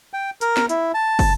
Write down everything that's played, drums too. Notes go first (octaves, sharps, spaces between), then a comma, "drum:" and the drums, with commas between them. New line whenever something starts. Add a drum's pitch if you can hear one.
G5
A#4, drum: hi-hat
drum: snare
E4, drum: hi-hat
A5
drum: kick, open hi-hat